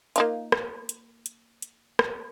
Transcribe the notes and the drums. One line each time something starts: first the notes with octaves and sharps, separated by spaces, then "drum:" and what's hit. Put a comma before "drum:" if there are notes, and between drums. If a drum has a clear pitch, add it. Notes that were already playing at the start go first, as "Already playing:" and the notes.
A#3 D#4 F4, drum: hi-hat
drum: rim click
drum: hi-hat
drum: hi-hat
drum: hi-hat
drum: rim click